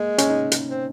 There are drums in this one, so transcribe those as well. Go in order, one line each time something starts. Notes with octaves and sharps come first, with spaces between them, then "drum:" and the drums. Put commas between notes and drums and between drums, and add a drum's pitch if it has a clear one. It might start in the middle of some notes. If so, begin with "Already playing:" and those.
Already playing: G#3 A#3
C#4, drum: hi-hat
D#4
drum: hi-hat
C4